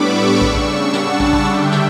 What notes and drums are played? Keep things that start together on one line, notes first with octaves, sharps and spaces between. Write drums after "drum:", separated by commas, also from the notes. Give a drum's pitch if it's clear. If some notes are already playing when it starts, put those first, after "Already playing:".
Already playing: A2 G3 B3 D4 B5 C#6 D6 E6
C#3 G3 D4 C#6 E6, drum: kick
drum: kick
F#5 A5, drum: snare
drum: kick
drum: kick
D3 G3 D4 E5 G5
drum: snare